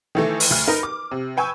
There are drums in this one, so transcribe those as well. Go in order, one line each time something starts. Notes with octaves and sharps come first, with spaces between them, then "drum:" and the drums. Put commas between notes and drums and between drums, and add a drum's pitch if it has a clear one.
D#3 E3 A3
drum: open hi-hat
D2 F6
D#4 A#4 B4
D6
C3
B4 G5 G#5 C#6 E6